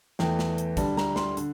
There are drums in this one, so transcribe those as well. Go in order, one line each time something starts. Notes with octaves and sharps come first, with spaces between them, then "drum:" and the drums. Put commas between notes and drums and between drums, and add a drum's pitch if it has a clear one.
E2 E3 A3 G5, drum: snare
drum: snare
drum: hi-hat
D2 D3 G3 A5, drum: kick, hi-hat
A#5, drum: snare
C6, drum: snare
D3, drum: hi-hat